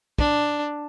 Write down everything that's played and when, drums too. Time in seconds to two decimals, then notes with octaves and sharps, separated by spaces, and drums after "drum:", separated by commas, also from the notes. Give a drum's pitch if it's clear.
0.19 D4, drum: kick